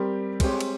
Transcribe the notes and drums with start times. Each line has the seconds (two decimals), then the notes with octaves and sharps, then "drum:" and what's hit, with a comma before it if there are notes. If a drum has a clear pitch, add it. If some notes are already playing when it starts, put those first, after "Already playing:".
Already playing: G3 C4 G4 A#4
0.40 G#3 C4 G4 C#5, drum: kick, cymbal
0.60 drum: cymbal